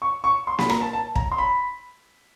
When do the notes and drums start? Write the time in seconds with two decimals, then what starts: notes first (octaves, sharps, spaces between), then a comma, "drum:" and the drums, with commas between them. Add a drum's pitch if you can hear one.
0.02 C#6
0.24 C#6
0.47 C6
0.59 B5, drum: snare
0.70 A#5, drum: rim click A#3
0.81 A5
0.93 A5
1.15 A#5, drum: kick
1.32 C6
1.38 B5